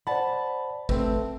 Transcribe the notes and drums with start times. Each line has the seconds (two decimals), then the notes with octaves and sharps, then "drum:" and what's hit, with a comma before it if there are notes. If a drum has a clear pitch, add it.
0.07 C5 D5 F#5 A5 B5
0.89 A3 C4 B4, drum: kick G1